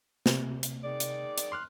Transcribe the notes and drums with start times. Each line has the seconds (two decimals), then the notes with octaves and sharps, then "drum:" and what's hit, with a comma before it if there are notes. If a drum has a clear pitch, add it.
0.26 C3, drum: snare
0.63 drum: hi-hat
0.83 D#3 G#3 D5
1.00 drum: hi-hat
1.38 drum: hi-hat
1.52 C6 F6 F#6